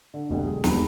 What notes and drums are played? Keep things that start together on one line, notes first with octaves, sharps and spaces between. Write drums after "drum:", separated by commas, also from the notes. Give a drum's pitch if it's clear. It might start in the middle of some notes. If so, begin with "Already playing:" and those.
D3
F1 D2 B2 D3 F#3 G5
G#3 G#4
E1 G#2 D#3 G3 A#5 B5, drum: snare